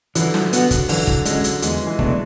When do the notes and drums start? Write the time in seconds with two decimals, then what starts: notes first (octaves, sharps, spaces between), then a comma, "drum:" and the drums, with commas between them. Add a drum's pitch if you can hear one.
0.15 D3 E3 F#3, drum: hi-hat
0.34 drum: snare
0.53 B3 F#4, drum: hi-hat
0.71 drum: kick, hi-hat
0.89 D3 E3 F#3, drum: open hi-hat
1.07 drum: kick
1.25 D3 F#3 G#3 C#4, drum: hi-hat
1.44 drum: hi-hat
1.62 E2 E3 G#3, drum: hi-hat
1.87 E3 G#3
1.99 B2 F#3 A3 D4, drum: kick